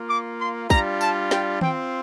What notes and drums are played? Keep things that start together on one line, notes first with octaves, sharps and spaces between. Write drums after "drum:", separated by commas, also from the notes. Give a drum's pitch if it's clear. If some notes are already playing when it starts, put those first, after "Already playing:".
Already playing: A#3 F4
D6
C6
G3 D4 F4 A#5, drum: kick, tambourine
A5, drum: tambourine
G5, drum: snare
C4 F4 G5, drum: tom D#3